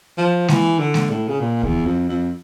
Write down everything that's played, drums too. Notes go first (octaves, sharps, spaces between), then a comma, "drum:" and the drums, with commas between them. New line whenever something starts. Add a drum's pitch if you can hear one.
F3
E3, drum: snare G#3
D3
drum: snare G#3
A2
C#3
A#2
E2, drum: kick D2
F2
F2